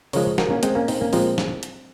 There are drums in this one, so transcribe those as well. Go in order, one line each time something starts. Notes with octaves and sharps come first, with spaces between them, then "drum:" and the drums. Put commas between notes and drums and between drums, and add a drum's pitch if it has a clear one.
C#3 F3 G#3 A#4 C#5, drum: open hi-hat
F#4 A#4, drum: snare
A#3 C#4
G#3 C4, drum: hi-hat
A#3 C#4
C4 D#4, drum: open hi-hat
A#3 C#4
A#2 F3 G#3 C4, drum: open hi-hat
drum: snare
drum: hi-hat